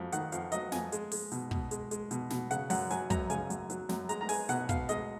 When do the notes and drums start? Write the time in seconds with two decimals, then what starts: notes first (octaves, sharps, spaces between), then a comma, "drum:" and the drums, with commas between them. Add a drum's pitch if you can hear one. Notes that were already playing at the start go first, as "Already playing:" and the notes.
Already playing: F2 F#3
0.12 D#3 F#5, drum: hi-hat
0.32 F2 F5, drum: hi-hat
0.52 F#3 D#5, drum: hi-hat
0.72 F2 G#5, drum: snare
0.92 G#3, drum: hi-hat
1.12 G#3, drum: open hi-hat
1.32 B2, drum: hi-hat
1.51 B2, drum: kick
1.71 G#3, drum: hi-hat
1.91 G#3, drum: hi-hat
2.11 B2, drum: hi-hat
2.30 B2, drum: snare
2.51 C#3 F#5, drum: hi-hat
2.70 F#2 F#5, drum: open hi-hat
2.90 F#3 G#5, drum: hi-hat
3.10 F#2 A#5, drum: kick, hi-hat
3.30 C#3 G#5, drum: hi-hat
3.50 F#2, drum: hi-hat
3.70 F#3, drum: hi-hat
3.89 F#2, drum: snare
4.09 G#3 A#5, drum: hi-hat
4.21 A#5
4.29 G#3 G#5, drum: open hi-hat
4.49 B2 F#5, drum: hi-hat
4.69 B2 F5, drum: kick, hi-hat
4.89 G#3 D#5, drum: hi-hat